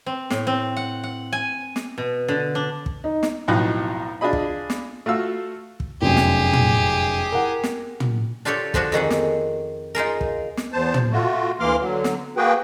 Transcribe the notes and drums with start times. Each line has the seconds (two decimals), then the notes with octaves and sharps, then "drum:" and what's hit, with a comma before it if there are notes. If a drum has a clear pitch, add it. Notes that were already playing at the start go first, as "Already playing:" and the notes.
0.06 C4
0.30 A2, drum: snare
0.47 C4
0.77 F#5
1.04 F#5
1.33 G#5
1.76 drum: snare
1.98 B2
2.28 D3
2.55 D4
2.86 drum: kick
3.04 D#4
3.23 drum: snare
3.48 B1 F2 A2 D#4 F#6
4.21 D4 F4 G#4 D#5 B5
4.33 drum: kick
4.70 drum: snare
5.06 A3 F4 F#4 F5 E6
5.80 drum: kick
6.02 F1 F#2 G4 G#4
6.17 drum: snare
6.53 drum: tom
7.32 A#4 F#5
7.63 drum: snare
8.00 drum: tom
8.45 D4 F4 G4 A4 C#5 D5
8.74 D3 F3 D4 F#4, drum: kick
8.92 F2 D#3 G#4 F#5
9.10 drum: snare
9.95 D#4 F4 G#4 A#4
10.21 drum: kick
10.57 drum: snare
10.73 E2 C5 A5
10.94 drum: tom
11.12 A3 F4 F#4
11.60 D2 E3 A#3 C6 D6 F6
11.79 D3 F#3
12.04 drum: snare
12.37 A#3 F#4 G#4 B4 G5